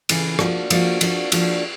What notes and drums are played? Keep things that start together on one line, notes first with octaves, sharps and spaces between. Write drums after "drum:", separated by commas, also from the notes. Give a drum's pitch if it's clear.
D2 C#3 E3, drum: cymbal
F3 A#3 D4 F#4, drum: rim click
F3 A#3 D4 F#4, drum: cymbal
F3 A#3 D4 F#4, drum: cymbal
F3 A#3 D4 F#4, drum: cymbal